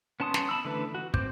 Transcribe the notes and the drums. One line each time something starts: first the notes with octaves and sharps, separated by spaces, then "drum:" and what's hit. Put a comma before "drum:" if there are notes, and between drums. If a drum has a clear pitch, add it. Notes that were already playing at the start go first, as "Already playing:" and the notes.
B3 C#4 A5 C6 D#6
drum: snare
A5 B5 E6
D3 E3 A3 B4
F#4
C4 C5 D6 G6, drum: kick